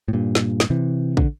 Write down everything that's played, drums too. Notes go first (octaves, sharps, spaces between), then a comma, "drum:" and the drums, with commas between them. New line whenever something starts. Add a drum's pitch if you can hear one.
A2
G2 A#2
drum: snare
drum: snare
C3 E3
D3, drum: kick